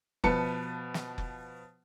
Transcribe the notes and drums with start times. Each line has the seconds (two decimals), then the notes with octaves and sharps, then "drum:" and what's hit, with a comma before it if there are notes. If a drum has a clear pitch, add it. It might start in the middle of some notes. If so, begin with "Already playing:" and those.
0.24 B2 F3 B4 A5 C#7, drum: kick F1
0.94 drum: snare
1.18 drum: kick F1